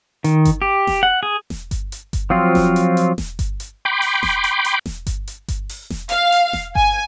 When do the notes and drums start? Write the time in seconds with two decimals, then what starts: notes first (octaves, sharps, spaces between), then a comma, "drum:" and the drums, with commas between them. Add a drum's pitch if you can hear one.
0.24 D#3, drum: hi-hat
0.45 drum: kick G1, hi-hat
0.62 G4
0.87 drum: snare E1
1.03 F#5
1.23 G#4
1.50 drum: snare E1
1.71 drum: kick G1, hi-hat
1.92 drum: hi-hat
2.13 drum: kick G1, hi-hat
2.30 F3 F#3 C4 F4
2.55 drum: snare E1
2.76 drum: hi-hat
2.97 drum: hi-hat
3.18 drum: snare E1
3.39 drum: kick G1, hi-hat
3.60 drum: hi-hat
3.85 G5 B5 C6 D6
4.02 drum: open hi-hat
4.23 drum: snare E1
4.44 drum: hi-hat
4.65 drum: hi-hat
4.86 drum: snare E1
5.07 drum: kick G1, hi-hat
5.27 drum: hi-hat
5.48 drum: kick G1, hi-hat
5.69 drum: open hi-hat
5.90 drum: snare E1
6.09 F5, drum: hi-hat
6.32 drum: hi-hat
6.53 drum: snare E1
6.75 G#5, drum: kick G1